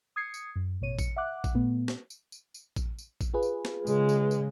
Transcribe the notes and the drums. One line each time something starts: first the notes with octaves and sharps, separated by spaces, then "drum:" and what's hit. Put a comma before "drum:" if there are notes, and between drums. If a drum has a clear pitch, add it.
D#6 G#6 C7 C#7
drum: tambourine
F#2
A1 B2 C#5 D#7
C#7, drum: kick A1, tambourine
E5 F#5 D6 F#6
drum: kick A1, tambourine
A#2 A3 B3
drum: snare
drum: tambourine
drum: tambourine
drum: tambourine
drum: kick A1, tambourine
drum: tambourine
drum: kick A1, tambourine
F4 G#4 B4
drum: tambourine
drum: snare
C#3 G#3, drum: tambourine
drum: tambourine
drum: tambourine